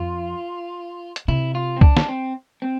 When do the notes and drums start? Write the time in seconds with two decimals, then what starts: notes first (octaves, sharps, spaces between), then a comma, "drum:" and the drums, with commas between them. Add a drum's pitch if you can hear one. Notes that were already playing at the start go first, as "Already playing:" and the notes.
Already playing: F2 F4
1.16 drum: hi-hat
1.28 C3 E4
1.55 F4
1.76 C4
1.81 D4, drum: kick
1.97 drum: snare
2.08 C4
2.62 C4